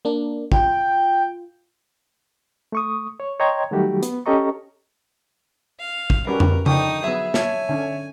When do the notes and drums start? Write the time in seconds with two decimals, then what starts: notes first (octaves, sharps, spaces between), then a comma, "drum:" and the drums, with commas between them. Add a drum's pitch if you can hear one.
0.05 A#3 D4
0.52 F4 G5, drum: kick
2.72 A3 C#6 D#6
3.20 C#5
3.40 C#5 D#5 G5 A#5 C6 G#6
3.71 D#3 F#3 G3 A3 F#4 G4
4.03 B3, drum: hi-hat
4.26 C#4 G4 A4 D#5 A#5 C#6
5.79 F5
6.10 drum: kick
6.27 G3 C#4 F#4 A#4 B4
6.40 drum: tom F2
6.66 D3 F3 D4 D#4 G5 C#6 D#6, drum: tom C#3
7.04 F#3 B3 G#4 E5
7.34 C#5 E5 G#5 A5, drum: snare
7.69 D3 C#4